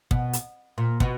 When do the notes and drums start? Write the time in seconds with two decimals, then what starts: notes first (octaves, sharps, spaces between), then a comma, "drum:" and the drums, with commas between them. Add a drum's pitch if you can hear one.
0.11 B2, drum: kick
0.33 drum: hi-hat
0.78 A#2
1.00 B2, drum: kick